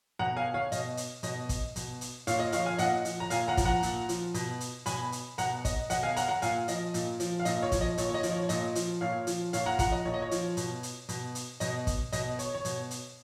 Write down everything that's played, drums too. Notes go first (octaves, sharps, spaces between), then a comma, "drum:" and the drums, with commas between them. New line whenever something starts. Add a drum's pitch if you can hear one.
B2 F#5 A#5
F5 G#5
C#5 F5
B2 D#5, drum: hi-hat
drum: hi-hat
B2 D#5, drum: hi-hat
drum: kick, hi-hat
B2, drum: hi-hat
drum: hi-hat
A#2 C#5 F5, drum: hi-hat
D#5
F3 C#5 F5, drum: hi-hat
F5 G#5
A#2 D#5 F#5, drum: hi-hat
F3, drum: hi-hat
A#5
A#2 F5 G#5, drum: hi-hat
F#5 A#5
F3, drum: kick, hi-hat
F#5 A#5
A#2, drum: hi-hat
F3, drum: hi-hat
B2, drum: hi-hat
drum: hi-hat
B2 G#5 B5, drum: hi-hat
drum: hi-hat
B2 F#5 A#5, drum: hi-hat
D#5, drum: kick, hi-hat
B2 D#5 F#5, drum: hi-hat
F5 G#5
F#5 A#5, drum: hi-hat
F#5 A#5
A#2 F5 G#5, drum: hi-hat
F3 D#5, drum: hi-hat
A#2, drum: hi-hat
F3, drum: hi-hat
F5
A#2 D#5, drum: hi-hat
C#5
F3, drum: kick, hi-hat
D#5
A#2 C#5, drum: hi-hat
C#5
D#5
F3, drum: hi-hat
C#5
C#5
A#2 D#5, drum: hi-hat
F3, drum: hi-hat
A#2 C#5 F5
F3, drum: hi-hat
A#2 C#5 F5, drum: hi-hat
F#5 A#5
F3 F#5 A#5, drum: kick, hi-hat
D#5
A#2 C#5
D#5
C#5
F3, drum: hi-hat
B2, drum: hi-hat
drum: hi-hat
B2, drum: hi-hat
drum: hi-hat
B2 D#5, drum: hi-hat
drum: kick, hi-hat
B2 D#5, drum: hi-hat
C#5, drum: hi-hat
C#5
B2, drum: hi-hat
drum: hi-hat